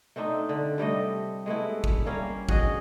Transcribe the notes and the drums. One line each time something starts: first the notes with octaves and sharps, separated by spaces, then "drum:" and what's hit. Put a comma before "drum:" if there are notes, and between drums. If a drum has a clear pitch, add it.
A3 C4 D4 D#4
D3
C3 G3 A3 D#5
G#3 A3 B3 E4
drum: kick G#1
G3 A#3 C#4 F5
F#4 G#4 D#5, drum: kick G#1